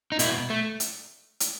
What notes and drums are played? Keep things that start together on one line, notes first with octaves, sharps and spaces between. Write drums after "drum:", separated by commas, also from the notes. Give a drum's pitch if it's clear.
D#4
B2 E4, drum: hi-hat
A3
drum: hi-hat
drum: hi-hat